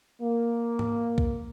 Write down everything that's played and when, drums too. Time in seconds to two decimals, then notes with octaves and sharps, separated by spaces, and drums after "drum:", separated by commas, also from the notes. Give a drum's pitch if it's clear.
0.21 A#3
0.79 drum: tom G#2
1.18 drum: kick B1